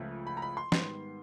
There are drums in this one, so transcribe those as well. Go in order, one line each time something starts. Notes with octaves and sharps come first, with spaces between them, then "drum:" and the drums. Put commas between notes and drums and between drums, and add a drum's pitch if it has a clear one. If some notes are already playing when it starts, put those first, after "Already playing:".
Already playing: C#2 C#3 F3 A3
B5
A#5
B5
C6
G#2 D#3 G3 B3 C6, drum: snare